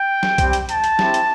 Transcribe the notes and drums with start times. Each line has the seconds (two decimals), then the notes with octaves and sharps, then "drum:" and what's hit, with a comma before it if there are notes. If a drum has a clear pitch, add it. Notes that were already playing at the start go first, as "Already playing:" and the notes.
Already playing: G5
0.23 drum: snare
0.38 G3 C4 G4, drum: kick B1, hi-hat
0.53 drum: hi-hat
0.69 A5, drum: hi-hat
0.84 drum: hi-hat
0.99 C4 E4 G4, drum: snare
1.14 drum: hi-hat